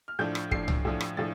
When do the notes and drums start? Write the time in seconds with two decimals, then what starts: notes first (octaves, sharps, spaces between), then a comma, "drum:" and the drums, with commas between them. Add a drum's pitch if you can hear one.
0.08 F6
0.19 A2 F3 D4 G6
0.35 drum: rim click
0.51 A2 F3 D4 C7, drum: kick
0.68 drum: tom C2
0.85 A2 F3 D4
1.01 drum: rim click
1.17 A2 F3 D4 A6